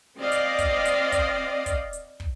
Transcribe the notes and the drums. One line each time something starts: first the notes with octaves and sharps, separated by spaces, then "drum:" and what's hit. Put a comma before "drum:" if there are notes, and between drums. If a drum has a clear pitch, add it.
C4 D5 D#5 F5
drum: hi-hat
drum: kick, hi-hat
drum: hi-hat
drum: kick, hi-hat
drum: kick, hi-hat
drum: hi-hat
drum: kick